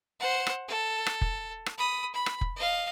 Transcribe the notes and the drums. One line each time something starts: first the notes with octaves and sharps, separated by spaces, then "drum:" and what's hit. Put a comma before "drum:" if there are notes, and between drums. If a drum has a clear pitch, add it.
C5 F#5
drum: rim click
A4
drum: rim click
drum: kick F1
drum: rim click
B5 D#6
B5
drum: rim click
drum: kick F1
D#5 F5